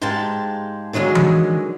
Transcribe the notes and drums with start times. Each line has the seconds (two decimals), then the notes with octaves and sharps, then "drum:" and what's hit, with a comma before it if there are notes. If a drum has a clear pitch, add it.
0.01 G#2 G#3 G4 F5 A5
0.93 D3 D#3 F#3 G#3 G#4
1.15 drum: tom E3